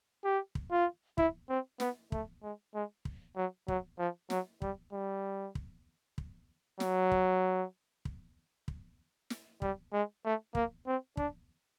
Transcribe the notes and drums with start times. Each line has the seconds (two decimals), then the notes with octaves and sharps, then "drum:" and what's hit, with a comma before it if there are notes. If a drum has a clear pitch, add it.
0.24 G4
0.55 drum: kick
0.71 F4
1.18 E4, drum: kick
1.49 C4
1.80 B3, drum: snare
2.12 A3, drum: kick
2.43 G#3
2.74 G#3
3.05 drum: kick
3.36 F#3
3.68 F#3, drum: kick
3.99 F3
4.30 F#3, drum: snare
4.62 G3, drum: kick
4.93 G3
5.55 drum: kick
6.18 drum: kick
6.80 F#3, drum: snare
7.12 drum: kick
8.05 drum: kick
8.68 drum: kick
9.30 drum: snare
9.62 G3, drum: kick
9.93 G#3
10.25 A3
10.55 A#3, drum: kick
10.87 C4
11.17 D4, drum: kick